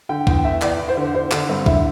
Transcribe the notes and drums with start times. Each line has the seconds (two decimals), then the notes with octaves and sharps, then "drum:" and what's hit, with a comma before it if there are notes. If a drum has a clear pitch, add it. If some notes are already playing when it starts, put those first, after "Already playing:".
0.09 D3 G5
0.27 E2 G5, drum: kick
0.44 E2 E5
0.62 E2 D5, drum: clap
0.79 E2
0.88 C5
0.97 D3
1.15 D3 C5
1.32 D3 D4, drum: clap
1.49 G2 C4
1.66 D3 E4, drum: kick